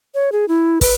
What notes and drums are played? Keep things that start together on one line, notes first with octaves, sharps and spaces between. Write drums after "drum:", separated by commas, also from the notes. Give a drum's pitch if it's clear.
C#5
G#4
E4
B4, drum: kick, open hi-hat